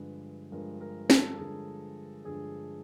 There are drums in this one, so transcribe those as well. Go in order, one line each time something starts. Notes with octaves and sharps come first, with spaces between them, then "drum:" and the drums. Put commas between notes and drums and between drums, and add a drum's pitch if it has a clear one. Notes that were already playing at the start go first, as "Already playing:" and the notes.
Already playing: G2 D3 F3 G#3 B4
G2 D3 F3 G#3 A#4
A#4
A4, drum: snare
G2 D3 F3 G#3 G#4
G2 D3 F3 G#3 G#4